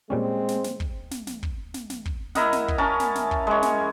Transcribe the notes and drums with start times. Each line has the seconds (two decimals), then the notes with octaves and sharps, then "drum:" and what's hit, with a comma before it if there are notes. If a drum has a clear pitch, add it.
0.10 A#2 G3 G#3 C4 C#4
0.48 drum: snare
0.64 drum: snare
0.80 drum: kick
1.11 drum: snare
1.27 drum: snare
1.43 drum: kick
1.74 drum: snare
1.90 drum: snare
2.05 drum: kick
2.35 E4 A#4 D#5 F#5, drum: snare
2.53 drum: snare
2.68 drum: kick
2.78 C#4 A#4 A5
3.00 drum: snare
3.15 drum: snare
3.31 drum: kick
3.47 G#3 C#5
3.63 drum: snare